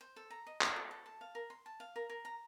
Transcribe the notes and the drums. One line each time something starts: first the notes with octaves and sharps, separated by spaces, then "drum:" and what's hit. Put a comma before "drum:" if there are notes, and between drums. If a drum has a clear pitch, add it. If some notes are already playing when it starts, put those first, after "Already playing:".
C5
A4
A#5
D#5
D#5, drum: clap
A4
A4
A5
F5
A#4
C6
A5
F5
A#4
A#4
A#5